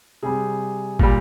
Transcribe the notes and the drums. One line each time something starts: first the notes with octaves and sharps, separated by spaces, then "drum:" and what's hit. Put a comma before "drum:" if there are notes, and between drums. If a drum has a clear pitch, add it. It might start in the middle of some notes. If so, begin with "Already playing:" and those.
C3 G3 G#4
A#2 G3, drum: kick